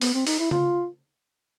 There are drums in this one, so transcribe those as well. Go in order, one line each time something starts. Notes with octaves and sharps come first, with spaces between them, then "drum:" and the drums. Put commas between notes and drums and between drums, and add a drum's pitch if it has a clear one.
B3, drum: open hi-hat
C4
D#4, drum: open hi-hat
E4
F4, drum: tom C#3